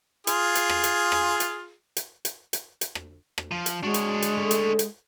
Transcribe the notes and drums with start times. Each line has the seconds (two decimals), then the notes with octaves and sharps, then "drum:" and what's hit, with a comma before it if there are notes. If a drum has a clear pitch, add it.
0.27 F4 G#4, drum: hi-hat
0.55 drum: hi-hat
0.69 drum: rim click
0.84 drum: hi-hat
1.12 drum: rim click
1.40 drum: hi-hat
1.97 drum: hi-hat
2.25 drum: hi-hat
2.53 drum: hi-hat
2.81 drum: hi-hat
2.95 drum: rim click
3.38 drum: rim click
3.51 F3
3.66 drum: hi-hat
3.83 G#3 D4 F#4 C#5
3.94 drum: hi-hat
4.22 drum: hi-hat
4.37 D3 A3
4.51 drum: hi-hat
4.79 drum: hi-hat